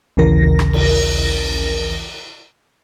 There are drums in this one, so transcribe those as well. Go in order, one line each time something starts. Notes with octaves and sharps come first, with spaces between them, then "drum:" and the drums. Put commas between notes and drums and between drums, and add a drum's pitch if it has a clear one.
A#1 D#2 C#3 E3 A#4 A#6
drum: rim click
drum: cymbal